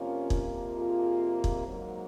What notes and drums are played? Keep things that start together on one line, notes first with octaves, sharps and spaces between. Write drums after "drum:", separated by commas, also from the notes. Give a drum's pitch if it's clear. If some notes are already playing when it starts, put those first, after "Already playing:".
Already playing: F2 C3 F3 A#3 C#4 F4
drum: kick
F4 G#4
drum: kick
G#2 F#3 A#3